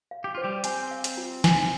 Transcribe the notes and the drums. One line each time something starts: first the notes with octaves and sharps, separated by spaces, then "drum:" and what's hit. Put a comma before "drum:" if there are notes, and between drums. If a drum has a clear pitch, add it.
F5
G4
F4 C5
G3 G4
C4 C5 G#5, drum: hi-hat
F5
drum: hi-hat
F4
G#5, drum: snare